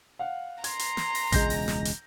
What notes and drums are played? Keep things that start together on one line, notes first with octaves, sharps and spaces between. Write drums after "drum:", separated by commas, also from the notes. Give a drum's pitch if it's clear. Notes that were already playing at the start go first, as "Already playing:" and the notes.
F5 F#5
A#5 C6 G#6, drum: hi-hat
drum: hi-hat
drum: snare
drum: open hi-hat
E1 C#2 G#3 G6 A#6, drum: kick A1, hi-hat
drum: open hi-hat
drum: snare
drum: hi-hat